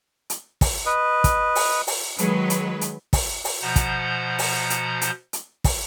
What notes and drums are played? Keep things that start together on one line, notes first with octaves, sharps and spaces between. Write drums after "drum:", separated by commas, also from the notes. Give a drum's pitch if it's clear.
drum: hi-hat
drum: kick, open hi-hat
B4 D#5
drum: kick, hi-hat
drum: open hi-hat
drum: open hi-hat
D#3 F#3 G#3 B4, drum: hi-hat
drum: hi-hat
drum: hi-hat
drum: kick, open hi-hat
drum: open hi-hat
B2 F3 C5 F#5 A#5 G6
drum: kick, hi-hat
drum: open hi-hat
drum: hi-hat
drum: hi-hat
drum: hi-hat
drum: kick, open hi-hat